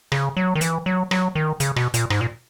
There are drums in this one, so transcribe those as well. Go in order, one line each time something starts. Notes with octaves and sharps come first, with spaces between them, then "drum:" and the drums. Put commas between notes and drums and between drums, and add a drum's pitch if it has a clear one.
C#3, drum: rim click
F#3
D#3
E3, drum: hi-hat
F#3
F#3, drum: rim click
D#3
C#3, drum: hi-hat
B2, drum: rim click
A#2, drum: hi-hat
G#2, drum: rim click
A#2